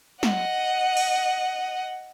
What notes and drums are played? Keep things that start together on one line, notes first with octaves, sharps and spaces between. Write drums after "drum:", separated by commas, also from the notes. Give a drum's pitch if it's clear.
D#5 F#5, drum: snare
drum: cymbal